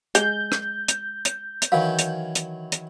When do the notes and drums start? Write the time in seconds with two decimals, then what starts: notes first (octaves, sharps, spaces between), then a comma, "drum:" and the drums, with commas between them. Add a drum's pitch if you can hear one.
0.15 G#3 G6, drum: hi-hat
0.52 drum: rim click
0.88 drum: hi-hat
1.25 drum: hi-hat
1.62 drum: hi-hat
1.72 D#3 E3 F#3 F5
1.99 drum: hi-hat
2.35 drum: hi-hat
2.72 drum: hi-hat